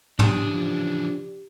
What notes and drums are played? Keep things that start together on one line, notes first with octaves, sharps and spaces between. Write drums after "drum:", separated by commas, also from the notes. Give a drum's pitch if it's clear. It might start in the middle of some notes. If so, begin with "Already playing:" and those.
C#3 E3 D4 G4 D#6, drum: tom
F3